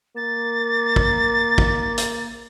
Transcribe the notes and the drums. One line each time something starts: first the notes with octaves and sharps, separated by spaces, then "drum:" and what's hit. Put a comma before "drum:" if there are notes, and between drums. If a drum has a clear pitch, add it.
A#3 A6
drum: kick
drum: kick
drum: hi-hat